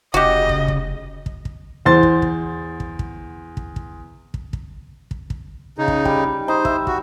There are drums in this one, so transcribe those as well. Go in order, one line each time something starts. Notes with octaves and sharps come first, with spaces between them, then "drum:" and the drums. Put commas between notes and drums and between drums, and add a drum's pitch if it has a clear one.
F1 C#3 F#4 G4 D#5
drum: kick
drum: kick
drum: kick
drum: kick
E2 C5 C6 A6
drum: kick
drum: kick
drum: kick
drum: kick
drum: kick
drum: kick
drum: kick
drum: kick
drum: kick
drum: kick
C#3 D#4
drum: kick
G3, drum: kick
D#4 C5
E5, drum: kick
F#4, drum: kick